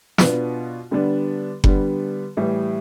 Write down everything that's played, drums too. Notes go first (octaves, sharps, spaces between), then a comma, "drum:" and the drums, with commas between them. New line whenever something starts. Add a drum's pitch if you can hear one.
B2 B3 D4 F4, drum: snare
D3 G3 B3 D4
D3 G3 B3 D4, drum: kick F#1
A2 E3 G3